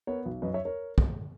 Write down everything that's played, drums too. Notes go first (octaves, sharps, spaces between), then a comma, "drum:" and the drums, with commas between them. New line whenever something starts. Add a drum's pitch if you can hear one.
B3 A#4 C#5
B1
F#2 B4 D#5
C#5 E5
A#4 C#5
drum: kick